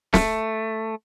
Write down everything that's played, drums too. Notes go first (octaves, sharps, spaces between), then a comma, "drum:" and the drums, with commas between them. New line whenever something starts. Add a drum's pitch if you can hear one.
A3, drum: snare